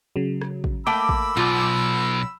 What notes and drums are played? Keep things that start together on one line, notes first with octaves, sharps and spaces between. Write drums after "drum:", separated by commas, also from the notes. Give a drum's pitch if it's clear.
C#3 F#3
drum: rim click
drum: kick
A3 A#3 G5 B5 D6 E6
drum: kick
B1 B2 F4